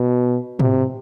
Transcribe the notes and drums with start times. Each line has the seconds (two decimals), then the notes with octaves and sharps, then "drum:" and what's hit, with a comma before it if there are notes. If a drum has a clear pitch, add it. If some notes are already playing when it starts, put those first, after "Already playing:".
Already playing: B2
0.60 C3, drum: tom